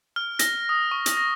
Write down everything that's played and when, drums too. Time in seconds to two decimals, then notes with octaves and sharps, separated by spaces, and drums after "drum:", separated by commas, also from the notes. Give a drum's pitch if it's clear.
0.16 F6
0.39 A#6, drum: hi-hat
0.69 D#6
0.91 C#6
1.06 drum: hi-hat
1.17 A#6